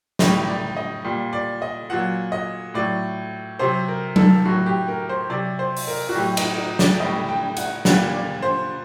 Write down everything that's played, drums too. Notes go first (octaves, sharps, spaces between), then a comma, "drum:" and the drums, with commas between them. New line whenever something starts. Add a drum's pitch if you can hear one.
A2 G3 D#4, drum: snare
D5
D#5
A#2 G3
D5
D#5
A#2 F#3 F#5
D#5
A2 F#3 D5
C3 F#3 C5
A#4
A4, drum: tom F#3
A2 F#3 F#4
G4
A#4
C5
C3 F#3 D5
C5
drum: open hi-hat
A#4
F#4
A2 F#3 G4
D#4, drum: cymbal
D#4
D5, drum: snare
A2 G3 D#5
G5
F#5, drum: hi-hat
A#2 G3 F#5, drum: snare
D5
C5